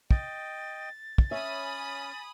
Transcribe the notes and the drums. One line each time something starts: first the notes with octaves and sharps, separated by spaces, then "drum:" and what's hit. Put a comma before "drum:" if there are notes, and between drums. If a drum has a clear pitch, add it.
D#5 G5 A6, drum: kick
drum: kick
C#4 C#5 E5 G#5 B5 D#6